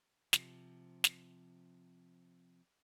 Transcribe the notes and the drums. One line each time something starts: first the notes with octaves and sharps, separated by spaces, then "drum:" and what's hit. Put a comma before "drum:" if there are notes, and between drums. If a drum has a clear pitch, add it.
C3 F3, drum: snare
drum: snare